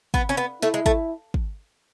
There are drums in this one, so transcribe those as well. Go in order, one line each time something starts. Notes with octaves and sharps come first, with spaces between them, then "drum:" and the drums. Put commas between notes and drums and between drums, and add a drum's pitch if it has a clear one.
B3, drum: kick
C#4
B3
A3 E4, drum: snare
G#3
A3, drum: kick
drum: kick